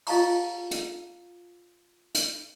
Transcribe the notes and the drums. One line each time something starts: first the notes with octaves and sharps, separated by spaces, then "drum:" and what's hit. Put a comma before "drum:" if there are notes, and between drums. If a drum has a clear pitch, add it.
F4 D#5 F5 A5 A#5 C#6, drum: open hi-hat
drum: hi-hat
drum: hi-hat